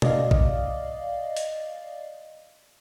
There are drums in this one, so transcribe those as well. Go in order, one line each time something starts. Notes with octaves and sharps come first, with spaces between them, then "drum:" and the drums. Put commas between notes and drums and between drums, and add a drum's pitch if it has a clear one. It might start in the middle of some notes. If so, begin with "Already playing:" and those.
D5 D#5 F5, drum: tom
drum: kick A#1
drum: open hi-hat